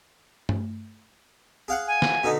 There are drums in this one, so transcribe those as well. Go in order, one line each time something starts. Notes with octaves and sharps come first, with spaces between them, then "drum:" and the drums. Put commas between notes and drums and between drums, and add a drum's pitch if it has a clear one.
drum: tom
G#4 F5 F#5
G#5
drum: snare
B2 D3 D#4